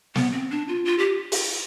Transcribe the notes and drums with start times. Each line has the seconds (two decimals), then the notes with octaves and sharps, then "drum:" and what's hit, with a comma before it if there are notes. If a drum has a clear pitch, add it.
0.15 B3, drum: snare
0.32 C4
0.51 D4
0.68 F4
0.85 F4
0.98 G4
1.32 drum: open hi-hat